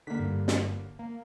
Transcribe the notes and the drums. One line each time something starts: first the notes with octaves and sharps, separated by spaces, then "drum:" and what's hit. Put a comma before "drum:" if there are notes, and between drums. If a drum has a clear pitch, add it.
D3 A#3 B6
G2
drum: snare
A#3